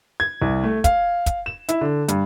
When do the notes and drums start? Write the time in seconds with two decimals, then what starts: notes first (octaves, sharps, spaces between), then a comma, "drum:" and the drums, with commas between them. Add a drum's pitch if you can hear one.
0.20 G#6
0.42 C2
0.63 A3
0.84 F5, drum: kick, hi-hat
1.26 drum: kick, hi-hat
1.46 E7
1.69 E4, drum: hi-hat
1.81 D3
2.08 G2, drum: hi-hat